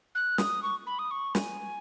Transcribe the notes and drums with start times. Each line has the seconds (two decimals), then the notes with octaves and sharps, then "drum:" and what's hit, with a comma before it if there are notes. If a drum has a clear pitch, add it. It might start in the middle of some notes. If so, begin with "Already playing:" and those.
0.15 F#6
0.38 D#6, drum: snare
0.63 C#6
0.87 B5
0.99 D#6
1.11 C#6
1.35 G#5, drum: snare